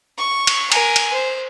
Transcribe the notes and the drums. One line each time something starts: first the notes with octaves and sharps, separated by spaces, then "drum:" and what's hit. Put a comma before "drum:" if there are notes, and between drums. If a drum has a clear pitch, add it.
C#6
drum: cymbal
A#4 G#5, drum: cymbal
drum: cymbal
C5